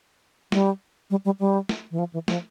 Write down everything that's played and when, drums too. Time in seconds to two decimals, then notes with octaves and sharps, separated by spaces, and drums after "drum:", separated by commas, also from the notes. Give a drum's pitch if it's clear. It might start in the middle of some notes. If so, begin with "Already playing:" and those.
0.52 G3, drum: snare
1.10 G3
1.25 G3
1.40 G3
1.69 drum: snare
1.91 E3
1.99 F3
2.14 E3
2.28 F3, drum: snare